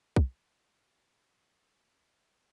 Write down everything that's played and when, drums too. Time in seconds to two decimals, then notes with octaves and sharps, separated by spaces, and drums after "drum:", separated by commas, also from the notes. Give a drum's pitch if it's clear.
0.16 A3 F#4, drum: kick